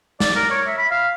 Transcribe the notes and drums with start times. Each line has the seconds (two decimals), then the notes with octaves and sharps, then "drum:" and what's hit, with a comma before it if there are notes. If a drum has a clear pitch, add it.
0.20 D5, drum: snare
0.36 A#4
0.51 C#5
0.67 E5
0.78 B5
0.91 F5